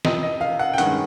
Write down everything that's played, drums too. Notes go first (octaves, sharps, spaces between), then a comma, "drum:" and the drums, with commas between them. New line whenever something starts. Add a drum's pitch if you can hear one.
F2 C3 F3 D#5, drum: snare
D#5
F5
F#5
G5
G2 D#3 G#3 C#4 F#5, drum: hi-hat